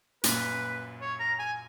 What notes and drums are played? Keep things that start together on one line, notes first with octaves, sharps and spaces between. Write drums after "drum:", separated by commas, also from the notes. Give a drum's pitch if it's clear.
F#2 A#2 B4, drum: hi-hat
C#5
A#5
G#5